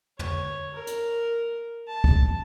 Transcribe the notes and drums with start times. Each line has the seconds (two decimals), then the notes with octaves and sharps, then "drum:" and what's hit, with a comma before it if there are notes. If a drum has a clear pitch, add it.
0.19 C#5, drum: tom
0.74 A#4
0.87 drum: hi-hat
1.88 A5
2.04 drum: kick